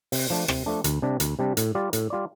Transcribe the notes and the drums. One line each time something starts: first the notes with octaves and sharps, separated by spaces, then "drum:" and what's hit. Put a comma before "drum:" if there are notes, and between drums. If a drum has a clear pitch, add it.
C3, drum: open hi-hat
F3 A3 D4
C3, drum: rim click
F3 A3 D4
D2, drum: hi-hat
C3 G3 D4
D2, drum: hi-hat
C3 G3 D4
A2, drum: hi-hat
G3 F4 D5
A2, drum: hi-hat
G3 F4 D5